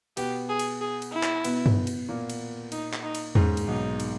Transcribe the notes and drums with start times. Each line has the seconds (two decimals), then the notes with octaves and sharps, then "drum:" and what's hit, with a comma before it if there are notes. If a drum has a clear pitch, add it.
0.17 B2 B3 G4, drum: cymbal
0.49 G#4
0.59 drum: cymbal
0.81 G#4
1.02 drum: cymbal
1.12 E4
1.23 drum: clap
1.45 B2 B3, drum: cymbal
1.66 drum: tom G2
1.87 drum: cymbal
2.09 A#2 A#3
2.30 drum: cymbal
2.72 D#4, drum: cymbal
2.93 drum: clap
3.03 D#4
3.15 drum: cymbal
3.35 G#2 G#3 C#4, drum: tom E2
3.57 drum: cymbal
3.67 B1 B2 D#4
4.00 drum: cymbal